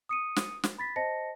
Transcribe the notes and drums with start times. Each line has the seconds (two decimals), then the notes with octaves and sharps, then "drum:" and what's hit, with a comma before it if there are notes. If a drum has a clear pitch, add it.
0.09 D#6 C#7 D#7
0.36 drum: snare
0.64 drum: snare
0.78 B5 A6 B6
0.96 C5 D#5 A5 A#6 C#7